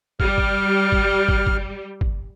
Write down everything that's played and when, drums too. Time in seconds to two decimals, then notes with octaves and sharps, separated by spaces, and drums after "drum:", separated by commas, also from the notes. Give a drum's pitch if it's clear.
0.20 G3 F6, drum: kick
0.38 drum: kick
0.92 drum: kick
1.29 drum: kick
1.47 drum: kick
2.01 drum: kick